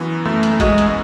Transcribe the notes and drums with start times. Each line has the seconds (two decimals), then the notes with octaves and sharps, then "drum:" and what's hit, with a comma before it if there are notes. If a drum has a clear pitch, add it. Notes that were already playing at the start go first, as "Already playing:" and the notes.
Already playing: F#2 E3 B3 F#4
0.25 F#2 A3
0.43 drum: hi-hat
0.60 G#3 F#4, drum: kick G#1, hi-hat
0.78 drum: hi-hat